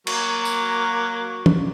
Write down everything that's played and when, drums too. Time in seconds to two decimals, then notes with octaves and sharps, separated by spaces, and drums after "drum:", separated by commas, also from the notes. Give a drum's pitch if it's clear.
0.07 F#3 A#3, drum: cymbal
0.45 drum: tambourine
1.46 drum: tom